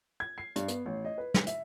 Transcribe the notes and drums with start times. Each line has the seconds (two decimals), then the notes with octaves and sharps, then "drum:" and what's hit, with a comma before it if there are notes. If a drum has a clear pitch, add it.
0.20 G#6
0.38 C7
0.56 G2, drum: hi-hat
0.68 B3, drum: hi-hat
0.86 A1
1.05 D#5
1.18 B4
1.34 drum: snare
1.47 E5, drum: hi-hat